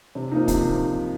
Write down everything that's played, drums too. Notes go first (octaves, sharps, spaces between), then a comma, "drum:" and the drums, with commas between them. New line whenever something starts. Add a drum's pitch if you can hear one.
C3
F3 A#3 D#4
C3, drum: kick, hi-hat